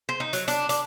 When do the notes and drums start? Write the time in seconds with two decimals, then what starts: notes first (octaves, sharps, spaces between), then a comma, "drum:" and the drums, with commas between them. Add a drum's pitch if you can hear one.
0.09 C5
0.20 D#4
0.33 F#3, drum: hi-hat
0.48 D4, drum: hi-hat
0.69 D4, drum: hi-hat